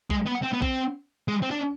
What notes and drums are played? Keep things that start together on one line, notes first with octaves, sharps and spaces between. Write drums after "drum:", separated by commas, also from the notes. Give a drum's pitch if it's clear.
G#3, drum: kick A#1
B3
C4
B3
C4, drum: kick A#1
G#3
C4
D4